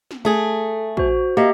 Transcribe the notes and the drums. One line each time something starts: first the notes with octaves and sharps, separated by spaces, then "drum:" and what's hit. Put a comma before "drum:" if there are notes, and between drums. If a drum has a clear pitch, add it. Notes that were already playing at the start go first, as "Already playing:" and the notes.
drum: snare
A3 G#4
F#4 C5, drum: kick
A#3 G4 D#5 E5